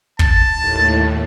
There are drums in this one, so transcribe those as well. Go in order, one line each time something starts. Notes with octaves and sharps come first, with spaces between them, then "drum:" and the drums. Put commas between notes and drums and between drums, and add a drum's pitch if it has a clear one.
A5, drum: kick
D#2 A2